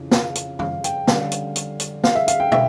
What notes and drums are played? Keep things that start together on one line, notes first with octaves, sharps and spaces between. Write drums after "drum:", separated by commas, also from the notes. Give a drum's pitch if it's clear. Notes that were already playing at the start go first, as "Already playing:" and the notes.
Already playing: F2 C#3 E3
F5, drum: snare
drum: hi-hat
F5, drum: tom
G5, drum: hi-hat
D3 G3 C#4 F5, drum: snare
drum: hi-hat
drum: hi-hat
drum: hi-hat
F5, drum: snare
E5
F5, drum: hi-hat
G5
E5, drum: tom